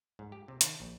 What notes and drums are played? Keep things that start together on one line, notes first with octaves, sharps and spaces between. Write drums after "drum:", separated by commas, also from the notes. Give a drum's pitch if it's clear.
G#2
G4
C3
D#3, drum: hi-hat
A#1